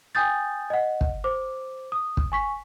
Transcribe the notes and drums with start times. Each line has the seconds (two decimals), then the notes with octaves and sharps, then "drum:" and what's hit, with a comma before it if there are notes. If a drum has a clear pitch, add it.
0.15 G5 G#5 D#6 G6 A6
0.70 D#5 F#5
1.01 drum: kick
1.24 C5 D6
1.92 D#6
2.17 drum: kick
2.32 G#5 C#6 B6